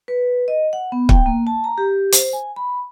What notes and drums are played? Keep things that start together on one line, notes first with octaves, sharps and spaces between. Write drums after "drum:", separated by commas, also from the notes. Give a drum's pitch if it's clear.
B4
D#5
F#5
B3
G5, drum: kick
A#3
A5
A#5
G4
C5, drum: hi-hat
G#5
B5